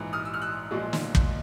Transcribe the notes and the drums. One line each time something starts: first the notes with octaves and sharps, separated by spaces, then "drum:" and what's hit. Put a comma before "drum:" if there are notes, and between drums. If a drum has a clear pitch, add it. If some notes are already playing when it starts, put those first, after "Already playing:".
Already playing: A#1 G#2 E3 F#6
D#6 F6
E6
F6
E6 F#6
B1 A#2 F3 G#3
drum: snare
drum: kick